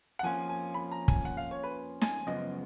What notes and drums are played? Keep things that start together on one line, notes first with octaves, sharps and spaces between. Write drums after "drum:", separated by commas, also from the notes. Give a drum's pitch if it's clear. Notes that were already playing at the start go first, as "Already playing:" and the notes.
F#5
F2 F3 A#3 C#4 F4 G#5
G#5
B5
A#5
G#5, drum: kick
F#5
F5
C#5
B4
G#5, drum: snare
F#2 C#3 F3 G#3 B3 D#5